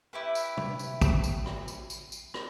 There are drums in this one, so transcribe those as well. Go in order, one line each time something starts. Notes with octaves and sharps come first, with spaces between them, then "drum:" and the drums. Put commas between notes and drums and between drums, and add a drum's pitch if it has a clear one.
E4 G4 B4
drum: tambourine
drum: tom
drum: tambourine
drum: kick, tambourine
drum: tambourine
drum: rim click
drum: tambourine
drum: tambourine
drum: tambourine
drum: rim click